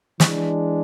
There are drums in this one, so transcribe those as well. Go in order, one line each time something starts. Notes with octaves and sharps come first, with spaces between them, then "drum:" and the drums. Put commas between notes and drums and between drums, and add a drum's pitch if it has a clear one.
E3 G#3 D4, drum: snare